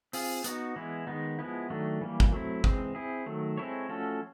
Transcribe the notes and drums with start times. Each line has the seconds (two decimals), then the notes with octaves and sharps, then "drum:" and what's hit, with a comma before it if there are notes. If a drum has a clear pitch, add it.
0.13 C4 F4 G#4, drum: open hi-hat
0.44 B3 D#4 F#4, drum: hi-hat
0.76 E3 G#3 B3 E4
1.07 D#3 G#3 B3 D#4
1.39 F3 G#3 B3 E4
1.70 D#3 F#3 A3 D4
2.01 E3 G3 A#3
2.20 drum: kick
2.32 F#3 A3 C4 E4
2.64 E3 G#3 C4, drum: kick
2.95 C4 E4 G#4
3.26 D#3 F#3 A3
3.58 G#3 C4 E4 A4 C#5
3.89 F3 A3 C#4 F#4 A4